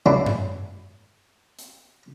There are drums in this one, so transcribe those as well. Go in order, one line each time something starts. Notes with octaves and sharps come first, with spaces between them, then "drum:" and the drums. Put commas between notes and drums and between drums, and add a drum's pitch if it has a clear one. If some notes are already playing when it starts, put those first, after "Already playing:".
F#3 G#3 A#3 D4 E4 F#4
drum: tom F#2
drum: hi-hat